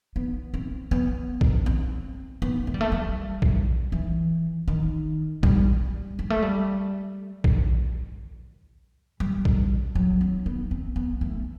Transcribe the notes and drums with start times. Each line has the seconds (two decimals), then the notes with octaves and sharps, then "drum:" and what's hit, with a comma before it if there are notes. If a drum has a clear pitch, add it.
0.16 B3
0.54 C4
0.91 B3
1.41 drum: kick A#1
1.66 C4
2.42 B3
2.67 A3
2.74 G3
2.81 A3
2.92 G3
3.42 drum: kick A#1
3.92 E3
4.68 D#3
5.43 G3, drum: kick A#1
6.19 G3
6.30 A3
6.42 G3
7.44 drum: kick A#1
9.20 G3
9.45 drum: kick A#1
9.95 F#3
10.21 C4
10.46 B3
10.71 C4
10.96 B3
11.21 A3